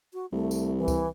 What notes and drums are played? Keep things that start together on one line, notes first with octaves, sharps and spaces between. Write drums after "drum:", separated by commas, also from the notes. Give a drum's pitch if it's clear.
F#4
C2 A3
drum: tambourine
E3
drum: kick C#2, tambourine